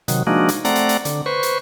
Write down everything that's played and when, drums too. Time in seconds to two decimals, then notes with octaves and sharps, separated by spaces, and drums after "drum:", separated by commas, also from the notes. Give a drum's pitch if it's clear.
0.08 C3 D#3 F#3, drum: hi-hat
0.27 F3 G#3 A#3 D4 D#4 F#4
0.49 drum: hi-hat
0.65 A3 C4 D5 F#5 A#5, drum: hi-hat
0.75 drum: hi-hat
0.89 drum: hi-hat
1.05 D3, drum: hi-hat
1.26 B4 C5 C#6
1.43 drum: hi-hat